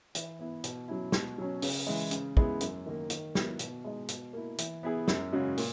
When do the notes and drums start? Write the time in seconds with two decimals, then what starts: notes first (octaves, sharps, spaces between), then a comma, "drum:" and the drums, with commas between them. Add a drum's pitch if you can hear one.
0.15 E3, drum: hi-hat
0.39 B3 E4
0.64 B2, drum: hi-hat
0.88 F#3 C#4 E4
1.12 B2, drum: snare
1.38 F#3 C#4
1.62 C#3, drum: open hi-hat
1.87 E3 G#3
2.11 C#3, drum: hi-hat
2.37 G#3 B3 E4 G#4, drum: kick
2.61 F#2, drum: hi-hat
2.86 D#3 A#3
3.10 D#3, drum: hi-hat
3.35 F#3 B3 E4, drum: snare
3.59 B2, drum: hi-hat
3.84 G#3 D#4
4.09 B2, drum: hi-hat
4.33 A#3 E4
4.58 E3, drum: hi-hat
4.83 B3 E4 G#4
5.08 F#2, drum: snare
5.33 C#3 G#3 C#4 F#4
5.57 A#2, drum: open hi-hat